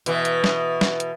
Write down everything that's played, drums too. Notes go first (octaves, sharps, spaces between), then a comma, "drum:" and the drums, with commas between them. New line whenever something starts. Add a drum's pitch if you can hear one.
B2 E3, drum: hi-hat
drum: hi-hat
drum: snare
drum: snare
drum: hi-hat